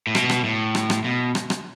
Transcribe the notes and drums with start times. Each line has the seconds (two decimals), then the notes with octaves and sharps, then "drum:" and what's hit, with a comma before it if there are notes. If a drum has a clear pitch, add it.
0.07 A2
0.15 B2, drum: rim click
0.30 drum: rim click
0.44 A2
0.75 drum: rim click
0.90 drum: rim click
1.05 B2
1.35 drum: rim click
1.50 drum: rim click